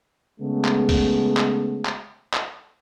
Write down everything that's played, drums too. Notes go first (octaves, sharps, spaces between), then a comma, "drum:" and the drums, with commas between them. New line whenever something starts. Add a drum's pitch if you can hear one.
C#3 G#3 A3 B3
drum: clap
drum: kick, open hi-hat
drum: clap
drum: clap
drum: clap